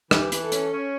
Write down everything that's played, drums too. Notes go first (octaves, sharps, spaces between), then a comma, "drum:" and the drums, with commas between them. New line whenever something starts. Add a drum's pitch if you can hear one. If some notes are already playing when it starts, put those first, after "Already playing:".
E3 G4, drum: rim click
E3, drum: hi-hat
A4
C#4, drum: hi-hat
C#4